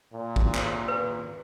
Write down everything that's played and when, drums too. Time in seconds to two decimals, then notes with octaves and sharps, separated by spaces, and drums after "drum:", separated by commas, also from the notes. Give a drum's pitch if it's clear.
0.13 A#2
0.36 drum: kick
0.54 drum: clap
0.88 A#2 B4